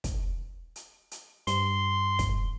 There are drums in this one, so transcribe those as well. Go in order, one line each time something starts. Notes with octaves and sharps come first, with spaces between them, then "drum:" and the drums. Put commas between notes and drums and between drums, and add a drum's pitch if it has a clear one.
drum: kick, hi-hat
drum: hi-hat
drum: hi-hat
G2 C6, drum: hi-hat
drum: kick, hi-hat